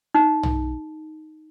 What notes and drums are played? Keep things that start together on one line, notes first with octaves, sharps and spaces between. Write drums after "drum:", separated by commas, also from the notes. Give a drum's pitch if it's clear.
D#4
drum: tom